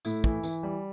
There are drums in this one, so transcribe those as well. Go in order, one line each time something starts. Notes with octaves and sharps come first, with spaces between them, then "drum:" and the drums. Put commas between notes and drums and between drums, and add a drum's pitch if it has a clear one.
A2 E4, drum: tambourine
E3, drum: kick
E3, drum: tambourine
G3